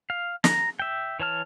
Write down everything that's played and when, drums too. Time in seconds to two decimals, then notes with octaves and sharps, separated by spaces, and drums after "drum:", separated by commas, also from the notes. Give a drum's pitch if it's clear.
0.10 F5
0.44 A#5, drum: snare
0.79 E5 G5
1.20 E3 C#5 A5 F6